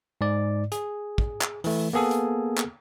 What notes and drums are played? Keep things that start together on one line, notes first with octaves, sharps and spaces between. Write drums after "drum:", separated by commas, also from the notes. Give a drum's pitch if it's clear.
G#2 D5
G#4, drum: hi-hat
drum: kick
drum: clap
E3 A3, drum: open hi-hat
A#3 B3 G#4 A4
drum: hi-hat
drum: clap